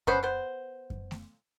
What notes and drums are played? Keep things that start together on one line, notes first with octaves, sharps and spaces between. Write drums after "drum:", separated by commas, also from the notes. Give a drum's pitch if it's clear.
B3 C#4 B4 C5, drum: kick F#2
B3 C5
drum: kick F#2
drum: snare A3